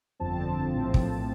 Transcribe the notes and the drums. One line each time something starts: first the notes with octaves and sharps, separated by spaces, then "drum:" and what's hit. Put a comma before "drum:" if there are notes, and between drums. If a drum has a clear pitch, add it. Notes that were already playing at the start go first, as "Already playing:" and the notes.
G1 F2 D3 F3 C4 A5
A#1 A2 F3 C4
drum: kick